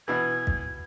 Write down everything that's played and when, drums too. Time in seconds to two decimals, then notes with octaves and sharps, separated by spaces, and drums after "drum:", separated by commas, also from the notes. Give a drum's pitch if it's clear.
0.08 B2 E3 G#6
0.47 drum: kick